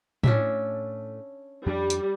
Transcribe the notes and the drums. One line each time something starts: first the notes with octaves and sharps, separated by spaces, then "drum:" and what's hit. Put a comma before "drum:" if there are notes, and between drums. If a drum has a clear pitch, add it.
A2 A3 C#4 D4 E5, drum: tom A2
F2 G3 D4
drum: hi-hat